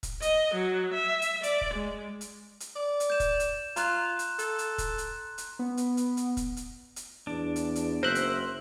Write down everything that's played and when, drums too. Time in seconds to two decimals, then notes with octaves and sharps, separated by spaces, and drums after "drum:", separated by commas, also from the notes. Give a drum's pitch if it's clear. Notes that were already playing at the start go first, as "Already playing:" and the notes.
0.03 drum: kick, hi-hat
0.22 D#5, drum: hi-hat
0.54 F#3
0.93 E5
1.22 drum: hi-hat
1.43 D5, drum: hi-hat
1.61 drum: kick
1.74 G#3
2.21 drum: hi-hat
2.60 drum: hi-hat
2.76 D5
3.00 drum: hi-hat
3.10 G6 E7
3.20 drum: kick, hi-hat
3.40 drum: hi-hat
3.76 F4 A#5 C6 F#6, drum: hi-hat
4.19 drum: hi-hat
4.39 A4, drum: hi-hat
4.59 drum: hi-hat
4.78 drum: kick, hi-hat
4.98 drum: hi-hat
5.38 drum: hi-hat
5.59 B3
5.77 drum: hi-hat
5.97 drum: hi-hat
6.17 drum: hi-hat
6.37 drum: kick, hi-hat
6.57 drum: hi-hat
6.96 drum: hi-hat
7.27 E2 D4
7.56 drum: hi-hat
7.76 drum: hi-hat
8.03 F#1 A#4 C5 E5 F#6
8.15 drum: hi-hat